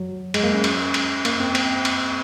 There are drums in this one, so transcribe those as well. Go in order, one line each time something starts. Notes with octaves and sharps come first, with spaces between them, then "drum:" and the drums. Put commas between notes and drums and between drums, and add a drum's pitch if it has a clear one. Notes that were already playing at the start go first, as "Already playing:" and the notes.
Already playing: F#3
G#3, drum: cymbal
A#3
C#4
drum: cymbal
drum: cymbal
A#3, drum: cymbal
C4
C4, drum: cymbal
drum: cymbal